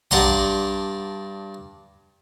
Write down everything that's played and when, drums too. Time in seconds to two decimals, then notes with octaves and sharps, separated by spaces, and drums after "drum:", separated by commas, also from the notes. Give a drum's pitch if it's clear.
0.11 G2 D4 F#5 A#5 C6 D#6, drum: tom